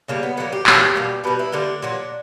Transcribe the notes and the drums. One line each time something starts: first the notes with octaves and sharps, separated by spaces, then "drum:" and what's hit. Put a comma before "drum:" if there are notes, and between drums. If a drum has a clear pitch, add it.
C#3 G3 A#3 D4
B3
D3 F#3 A#3 B3
G4
B2 F#3 A#3, drum: clap
B2 G3 A#3
B2 G3 A#3 B4
E4
D3 G3 A#3 D4
A#2 F#3 A#3